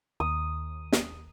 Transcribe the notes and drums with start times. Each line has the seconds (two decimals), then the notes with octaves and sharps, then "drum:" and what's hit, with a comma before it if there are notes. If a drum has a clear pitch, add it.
0.20 D#2 D#6
0.92 drum: snare